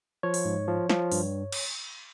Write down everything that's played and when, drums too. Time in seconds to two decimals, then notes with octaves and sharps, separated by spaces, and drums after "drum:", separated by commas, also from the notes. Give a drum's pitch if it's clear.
0.23 F3 C#5
0.34 drum: open hi-hat
0.45 G#2
0.67 F3
0.90 F3, drum: snare
1.12 G2, drum: open hi-hat
1.52 drum: cymbal